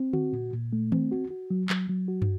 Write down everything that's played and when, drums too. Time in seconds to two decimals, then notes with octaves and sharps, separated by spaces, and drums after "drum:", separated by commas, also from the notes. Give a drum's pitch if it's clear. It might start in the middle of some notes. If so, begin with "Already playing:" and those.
Already playing: C4
0.13 F#4, drum: tom D3
0.32 A#2
0.53 A#2
0.73 A3
0.92 C4, drum: tom D#3
1.12 F#4
1.31 F#4
1.50 F#3
1.70 F#3, drum: clap
1.89 F#3
2.08 F#4
2.22 drum: tom